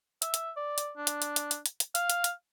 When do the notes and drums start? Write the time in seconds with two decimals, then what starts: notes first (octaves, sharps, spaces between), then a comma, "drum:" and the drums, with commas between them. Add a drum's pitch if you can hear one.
0.22 E5, drum: hi-hat
0.34 drum: hi-hat
0.57 D5
0.78 drum: hi-hat
0.97 D4
1.07 drum: hi-hat
1.22 drum: hi-hat
1.36 drum: hi-hat
1.51 drum: hi-hat
1.66 drum: hi-hat
1.80 drum: hi-hat
1.95 F5, drum: hi-hat
2.10 drum: hi-hat
2.24 drum: hi-hat